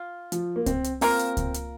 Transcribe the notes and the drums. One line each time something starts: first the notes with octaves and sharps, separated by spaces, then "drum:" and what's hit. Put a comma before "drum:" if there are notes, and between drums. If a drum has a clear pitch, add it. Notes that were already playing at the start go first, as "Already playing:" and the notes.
Already playing: F4
F3, drum: hi-hat
A#3
C4, drum: kick C#2, hi-hat
drum: hi-hat
A#3 C4 F4 A#4, drum: open hi-hat
drum: hi-hat
drum: kick C#2, hi-hat
drum: hi-hat